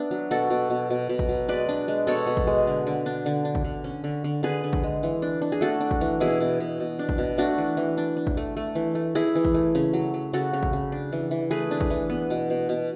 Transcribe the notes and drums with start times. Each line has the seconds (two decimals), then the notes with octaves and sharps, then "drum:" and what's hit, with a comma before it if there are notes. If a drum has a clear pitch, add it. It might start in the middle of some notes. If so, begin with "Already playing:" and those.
Already playing: B3 D4 E5
0.11 F#3
0.31 B2 F#4 A4
0.50 B2
0.70 B2
0.90 B2
1.09 B2
1.19 drum: kick G#1
1.29 F#3
1.48 G#3 B4 D5
1.69 D4
1.88 G#3
2.07 B2 A4 C#5
2.27 B2
2.37 drum: kick G#1
2.47 G#3
2.67 D3
2.87 D3
3.06 D4
3.26 D3
3.45 D4
3.55 drum: kick G#1
3.64 D3
3.84 C#4
4.04 D3
4.24 D3
4.43 D3 G#4 B4
4.64 D3
4.73 drum: kick G#1
4.83 G#3
5.03 E3
5.22 D4
5.42 D4
5.52 G#4
5.61 A3 F#4 A4
5.80 D4
5.91 drum: kick G#1
6.01 E3
6.20 B2 E4 G#4
6.41 B2
6.60 B2
6.80 B2
6.99 D4
7.09 drum: kick G#1
7.18 B2
7.38 A3 D4 F#4
7.58 E3
7.77 E3
7.97 D4
8.17 D4
8.27 drum: kick G#1
8.37 A3
8.57 A3
8.75 E3
8.95 A3
9.15 E3 E4 G#4
9.35 E3
9.45 drum: kick G#1
9.54 A3
9.75 C#3
9.93 F#3
10.14 F#3
10.33 C#3 F#4 A4
10.53 C#3
10.63 drum: kick G#1
10.73 C#3
10.92 D4
11.12 E3
11.31 E3
11.51 A3 G#4 B4
11.71 D4
11.81 drum: kick G#1
11.90 E3
12.10 B3
12.30 B2
12.50 B2
12.69 B2